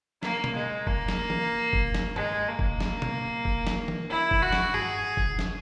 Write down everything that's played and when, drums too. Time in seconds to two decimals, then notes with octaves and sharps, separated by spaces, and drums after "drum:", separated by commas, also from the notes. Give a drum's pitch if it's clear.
0.23 A#3, drum: snare
0.44 drum: tom B2
0.55 G#3
0.87 A#3, drum: kick F1
1.08 drum: snare
1.30 drum: tom
1.73 drum: kick F1
1.94 drum: snare
2.16 G#3, drum: tom
2.49 A#3
2.59 drum: kick F1
2.81 drum: snare
3.02 drum: tom B2
3.45 drum: kick F1
3.67 drum: snare
3.88 drum: tom
4.10 E4
4.31 drum: kick F1
4.42 F#4
4.53 drum: snare
4.74 G#4, drum: tom
5.17 drum: kick F1
5.39 drum: snare